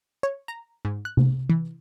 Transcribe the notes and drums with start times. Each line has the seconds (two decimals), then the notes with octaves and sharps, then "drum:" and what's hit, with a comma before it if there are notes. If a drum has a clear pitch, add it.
0.23 C#5
0.48 A#5
0.85 G#2
1.05 F#6
1.17 drum: tom C3
1.50 E3